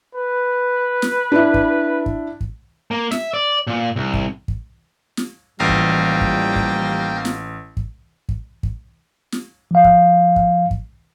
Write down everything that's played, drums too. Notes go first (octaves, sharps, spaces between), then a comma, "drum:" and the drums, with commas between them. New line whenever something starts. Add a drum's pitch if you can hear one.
B4
drum: snare
D4 E4
drum: kick
drum: kick
drum: kick
A#3
E5, drum: snare
D5
A#2
C2
drum: kick
drum: kick
drum: snare
A1 E3 F3 G3 A#3 G5
drum: kick
drum: kick
drum: kick
drum: snare
drum: kick
drum: kick
drum: kick
drum: snare
F3 F5
drum: kick
drum: kick
drum: kick